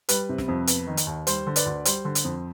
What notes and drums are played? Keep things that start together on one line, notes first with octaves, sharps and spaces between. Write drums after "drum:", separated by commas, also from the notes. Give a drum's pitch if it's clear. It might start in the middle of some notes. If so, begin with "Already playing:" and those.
G3 B4, drum: hi-hat
C3
drum: snare
F2
B3, drum: hi-hat
D#3
drum: hi-hat
D#2
G3 C5, drum: hi-hat
D3
B4 D5, drum: hi-hat
D2
G3 C5, drum: hi-hat
D3
drum: hi-hat
F2